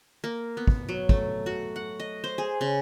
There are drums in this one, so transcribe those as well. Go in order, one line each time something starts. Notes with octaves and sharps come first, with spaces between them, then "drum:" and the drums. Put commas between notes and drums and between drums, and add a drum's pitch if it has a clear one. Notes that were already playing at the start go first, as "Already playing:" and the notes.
A#3
B3
drum: kick
F#3
A3, drum: kick
F#4
F#5
D#5
C5
G#4
C#3